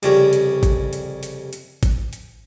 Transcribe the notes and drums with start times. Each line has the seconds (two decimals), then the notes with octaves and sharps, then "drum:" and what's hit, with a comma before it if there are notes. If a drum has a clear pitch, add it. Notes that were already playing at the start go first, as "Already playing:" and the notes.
0.03 C2 F2 C#3 G3 C#5 A#5, drum: hi-hat
0.33 drum: hi-hat
0.63 drum: kick G#1, hi-hat
0.93 drum: hi-hat
1.23 drum: hi-hat
1.53 drum: hi-hat
1.83 drum: kick G#1, hi-hat
2.13 drum: hi-hat